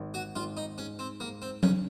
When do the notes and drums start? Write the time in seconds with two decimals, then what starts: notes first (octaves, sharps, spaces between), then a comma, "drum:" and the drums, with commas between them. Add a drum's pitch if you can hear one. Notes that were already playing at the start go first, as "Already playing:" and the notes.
Already playing: G#1
0.14 F#4
0.35 G#1 F4
0.57 D#4
0.78 G#2 C#4
0.99 C4
1.20 G#2 A#3
1.42 C4
1.63 C#3 C#4, drum: tom F#3